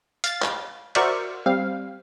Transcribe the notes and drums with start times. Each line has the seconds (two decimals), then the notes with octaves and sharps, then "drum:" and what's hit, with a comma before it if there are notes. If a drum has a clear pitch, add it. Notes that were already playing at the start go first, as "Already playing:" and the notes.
0.24 F5 A6, drum: hi-hat
0.42 drum: clap
0.95 F#4 A#4 C5 D5 E5 C#6, drum: cymbal
1.46 G3 C4 F5